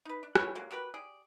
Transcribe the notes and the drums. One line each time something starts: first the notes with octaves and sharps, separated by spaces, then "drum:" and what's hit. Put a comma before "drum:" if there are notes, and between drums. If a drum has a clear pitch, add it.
D#4 B4
D4
F#4 A4 B4 C#5, drum: rim click
D3 F#3 A#3
F#4 G4 A#4 B4
G4 G#4 D5